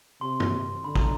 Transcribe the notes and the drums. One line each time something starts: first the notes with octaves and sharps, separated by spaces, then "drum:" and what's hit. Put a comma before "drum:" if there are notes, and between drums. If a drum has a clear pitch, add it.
C3 C6
drum: tom G2
D3 B5
A#5, drum: kick